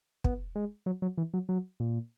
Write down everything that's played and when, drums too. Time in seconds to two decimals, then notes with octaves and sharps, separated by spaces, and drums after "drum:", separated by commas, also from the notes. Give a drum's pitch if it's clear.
0.24 B3, drum: kick
0.55 G#3
0.86 F#3
1.02 F#3
1.18 E3
1.34 F#3
1.49 F#3
1.80 A#2